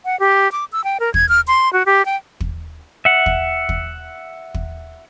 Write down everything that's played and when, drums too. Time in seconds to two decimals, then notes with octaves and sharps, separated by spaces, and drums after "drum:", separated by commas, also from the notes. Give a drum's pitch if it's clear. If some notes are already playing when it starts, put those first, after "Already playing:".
0.05 F#5
0.20 G4
0.52 D6
0.72 E6
0.84 G5
1.00 A#4
1.14 G#6, drum: kick
1.29 F6
1.48 C6
1.73 F#4
1.86 G4
2.06 G5
2.40 drum: kick
3.05 E5 F#5
3.26 drum: kick
3.69 drum: kick
4.54 drum: kick